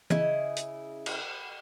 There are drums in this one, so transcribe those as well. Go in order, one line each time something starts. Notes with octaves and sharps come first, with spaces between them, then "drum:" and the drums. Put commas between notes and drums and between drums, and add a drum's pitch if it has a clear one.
C#3 E4 D#5, drum: tom E3
drum: hi-hat
drum: cymbal